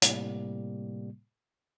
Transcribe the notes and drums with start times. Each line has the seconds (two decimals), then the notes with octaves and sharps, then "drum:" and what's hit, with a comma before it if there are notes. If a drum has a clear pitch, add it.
0.02 A2 C3 G3 A#3, drum: hi-hat